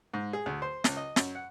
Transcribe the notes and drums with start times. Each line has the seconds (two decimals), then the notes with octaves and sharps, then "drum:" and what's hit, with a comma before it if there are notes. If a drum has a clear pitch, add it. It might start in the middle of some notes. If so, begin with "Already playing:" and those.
0.14 G#2
0.33 G#4
0.46 D2
0.62 C5
0.84 C#2, drum: snare
0.97 D#5
1.16 F#2, drum: snare
1.35 F#5